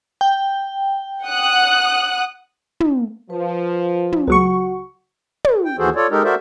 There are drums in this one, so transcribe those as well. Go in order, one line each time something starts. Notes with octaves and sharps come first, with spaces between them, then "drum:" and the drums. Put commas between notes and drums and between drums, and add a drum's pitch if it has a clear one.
G5
F#5 D#6 F#6
drum: tom
F3 B4
drum: tom
C#2 F#3 F#4 F#5 C#6
drum: tom
G5
D#2 E3 F#4 G#4 A4 C5
F4 A4 C#5 D5
G#3 D#4 G4 A4 A#4
F#4 A4 A#4 C5 D5 E5